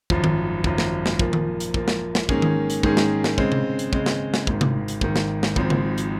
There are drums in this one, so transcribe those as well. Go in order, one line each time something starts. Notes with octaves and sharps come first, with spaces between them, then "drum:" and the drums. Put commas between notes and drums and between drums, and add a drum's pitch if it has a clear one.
G#1 F#2 F3, drum: kick
drum: tom D#3
G#1 F#2 F3, drum: kick
drum: snare
drum: snare
A#2 F3 A#3, drum: kick
drum: tom D#3
drum: hi-hat
A#2 F3 A#3, drum: kick
drum: snare
drum: snare
G#2 D#3 A#3 C#4 G#4, drum: kick
drum: tom D#3
drum: hi-hat
G#2 D#3 A#3 C#4 G#4, drum: kick
drum: snare
drum: snare
C#3 G#3 C4, drum: kick
drum: tom C3
drum: hi-hat
C#3 G#3 C4, drum: kick
drum: snare
drum: snare
G#1 G#2 D#3, drum: kick
drum: tom C3
drum: hi-hat
G#1 G#2 D#3, drum: kick
drum: snare
drum: snare
G#1 G#2 F3 C4, drum: kick
drum: tom C#3
drum: hi-hat